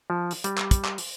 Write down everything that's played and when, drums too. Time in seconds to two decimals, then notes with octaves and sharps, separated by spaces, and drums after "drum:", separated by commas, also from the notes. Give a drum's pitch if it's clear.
0.10 F3
0.31 drum: open hi-hat
0.44 G3, drum: hi-hat
0.58 drum: clap
0.71 drum: kick, hi-hat
0.85 drum: clap
0.98 drum: open hi-hat